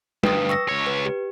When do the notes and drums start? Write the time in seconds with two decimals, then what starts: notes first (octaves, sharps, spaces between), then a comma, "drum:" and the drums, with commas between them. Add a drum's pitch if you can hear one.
0.24 D2 G2 B4 G5 D#6, drum: tom G3
0.49 C#6 E6 A#6
0.69 C#2 C#5
0.87 B4
1.06 G4